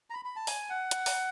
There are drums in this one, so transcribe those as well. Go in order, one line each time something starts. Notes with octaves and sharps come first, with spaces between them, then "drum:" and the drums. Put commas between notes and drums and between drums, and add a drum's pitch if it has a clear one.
A#5
B5
B5
A5
G#5, drum: open hi-hat
F#5
drum: hi-hat
drum: open hi-hat